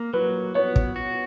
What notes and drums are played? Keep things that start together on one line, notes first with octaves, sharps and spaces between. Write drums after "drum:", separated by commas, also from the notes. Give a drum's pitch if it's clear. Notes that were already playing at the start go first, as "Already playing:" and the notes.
Already playing: A#3
F#3 B4
B3 C#5
drum: kick
F#4